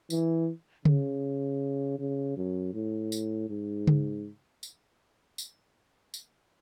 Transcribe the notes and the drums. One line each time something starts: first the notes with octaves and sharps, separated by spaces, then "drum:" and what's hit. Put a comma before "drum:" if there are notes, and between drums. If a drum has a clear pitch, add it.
E3, drum: tambourine
C#3, drum: tom C#3
C#3
F#2
A2
drum: tambourine
G#2
drum: tom C#3
drum: tambourine
drum: tambourine
drum: tambourine